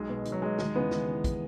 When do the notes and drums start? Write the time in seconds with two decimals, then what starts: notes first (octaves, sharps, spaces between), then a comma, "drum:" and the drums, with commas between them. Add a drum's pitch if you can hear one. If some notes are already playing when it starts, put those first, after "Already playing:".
Already playing: B1 G#3
0.09 B2
0.25 B1, drum: hi-hat
0.32 F#3
0.42 B2 G#3
0.58 D#2 G#3, drum: snare
0.75 C#3 E3 B3
0.91 D#2, drum: snare
1.08 C#3 E3
1.24 drum: kick, hi-hat